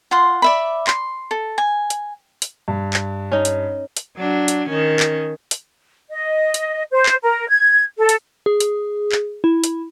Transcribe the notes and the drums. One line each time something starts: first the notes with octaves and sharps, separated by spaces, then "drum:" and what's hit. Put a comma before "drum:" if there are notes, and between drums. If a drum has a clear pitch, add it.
F4 F#5 C6
D5 E5 B5
C6, drum: clap
A4
G#5
drum: hi-hat
drum: hi-hat
G2
drum: clap
C#4 D#4
drum: hi-hat
drum: hi-hat
F#3 D4
drum: hi-hat
D#3 C#4
drum: clap
drum: hi-hat
D#5
drum: hi-hat
C5
drum: clap
A#4
G#6
A4
drum: hi-hat
G#4
drum: hi-hat
drum: clap
E4
drum: hi-hat